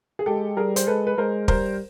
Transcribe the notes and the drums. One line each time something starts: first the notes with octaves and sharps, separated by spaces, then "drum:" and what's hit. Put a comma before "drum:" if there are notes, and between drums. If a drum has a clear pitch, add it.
G#4
G#3 G4 A4
G3 G#4 A#4
C5, drum: hi-hat
G#3 A4 B4
B4
G#3 A#4 C5
G3 A#4 C5, drum: kick